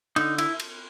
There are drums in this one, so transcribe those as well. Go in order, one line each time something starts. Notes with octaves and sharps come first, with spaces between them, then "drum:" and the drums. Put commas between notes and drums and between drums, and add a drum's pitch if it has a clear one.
D3 D#4, drum: cymbal
E4, drum: cymbal
drum: cymbal